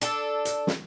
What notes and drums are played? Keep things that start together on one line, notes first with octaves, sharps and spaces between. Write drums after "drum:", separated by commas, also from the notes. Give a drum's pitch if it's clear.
D4 A4, drum: hi-hat
drum: hi-hat
drum: snare